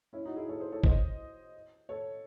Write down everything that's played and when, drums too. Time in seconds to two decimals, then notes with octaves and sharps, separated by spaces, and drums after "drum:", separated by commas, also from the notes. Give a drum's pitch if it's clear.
0.13 C#4 E4
0.25 D#4 F#4
0.36 E4 G#4
0.49 A4 C#5
0.60 G#4 C5
0.72 A4 C#5
0.84 C5 D#5, drum: kick
1.89 A4 C#5